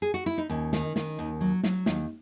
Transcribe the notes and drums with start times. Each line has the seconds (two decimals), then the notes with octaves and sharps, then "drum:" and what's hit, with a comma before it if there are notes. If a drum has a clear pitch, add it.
0.02 G#4
0.14 F#4
0.26 E4
0.38 D#4
0.49 D#2 C#4
0.73 D#3, drum: snare
0.96 D#3, drum: snare
1.19 D#2
1.41 F#3
1.63 F#3, drum: snare
1.86 D#2, drum: snare